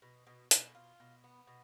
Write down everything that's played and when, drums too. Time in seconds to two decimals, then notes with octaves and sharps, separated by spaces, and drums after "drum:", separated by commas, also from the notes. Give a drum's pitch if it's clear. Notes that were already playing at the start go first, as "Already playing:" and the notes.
0.02 B2
0.27 B2
0.51 B2, drum: hi-hat
0.75 F4
1.00 B2
1.24 B3
1.47 B2